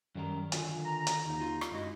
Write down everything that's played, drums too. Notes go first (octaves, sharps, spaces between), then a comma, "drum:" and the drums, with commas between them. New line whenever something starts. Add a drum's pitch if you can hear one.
F#2 D#3 G3 A#4
D3 F4 G#5, drum: hi-hat
A#5
drum: hi-hat
D#2 D3 D#4
F4
drum: rim click
F#2 G#3 E4 F#4